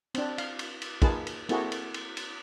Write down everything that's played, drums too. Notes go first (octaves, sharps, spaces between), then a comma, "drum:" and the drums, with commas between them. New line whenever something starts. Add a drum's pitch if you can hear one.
C4 D4, drum: cymbal
F5, drum: cymbal
drum: cymbal
drum: cymbal
A#3 D#4 F4 G#4 B4 A5, drum: kick, cymbal
drum: cymbal
A#3 C4 E4 F#4 G#4 A4, drum: cymbal
drum: cymbal
drum: cymbal
drum: cymbal